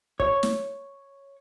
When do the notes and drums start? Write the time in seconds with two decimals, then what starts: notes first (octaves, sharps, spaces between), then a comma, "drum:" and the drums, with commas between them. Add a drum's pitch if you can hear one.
0.20 C#5, drum: kick
0.43 drum: snare